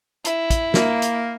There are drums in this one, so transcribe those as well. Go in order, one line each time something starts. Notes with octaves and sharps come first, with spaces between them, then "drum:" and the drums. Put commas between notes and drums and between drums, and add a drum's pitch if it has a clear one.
E4, drum: hi-hat
drum: kick, hi-hat
A#3, drum: snare
drum: hi-hat